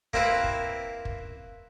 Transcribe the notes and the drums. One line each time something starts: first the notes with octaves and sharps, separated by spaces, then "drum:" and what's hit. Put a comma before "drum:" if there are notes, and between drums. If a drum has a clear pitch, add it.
A#3 C4 E4 B4, drum: kick
drum: kick
drum: kick